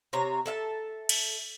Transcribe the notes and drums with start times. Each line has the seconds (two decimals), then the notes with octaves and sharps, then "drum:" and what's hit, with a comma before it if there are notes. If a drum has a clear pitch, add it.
0.13 C3 C#5 A#5
0.46 A4 E5 F5 A5
1.09 drum: cymbal